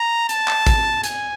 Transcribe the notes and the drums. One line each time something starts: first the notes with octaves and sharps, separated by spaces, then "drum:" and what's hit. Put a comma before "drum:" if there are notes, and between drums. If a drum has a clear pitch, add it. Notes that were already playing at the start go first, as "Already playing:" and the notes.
Already playing: A#5
A5, drum: hi-hat
drum: clap
drum: kick, hi-hat
G#5, drum: hi-hat